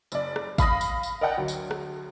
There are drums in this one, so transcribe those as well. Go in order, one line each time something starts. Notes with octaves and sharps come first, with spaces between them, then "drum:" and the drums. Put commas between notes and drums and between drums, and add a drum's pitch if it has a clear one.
F#1 D5, drum: tambourine
drum: rim click
F5 B5 D#6 A#6, drum: kick G1, tambourine
drum: tambourine
drum: tambourine
A#4 D5 D#5 F#5 G5
D2 F#3
drum: tambourine
drum: rim click